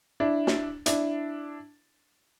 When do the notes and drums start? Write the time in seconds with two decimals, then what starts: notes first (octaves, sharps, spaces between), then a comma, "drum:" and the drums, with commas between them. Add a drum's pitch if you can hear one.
0.20 D4 E4
0.47 drum: snare
0.86 D4 E4, drum: hi-hat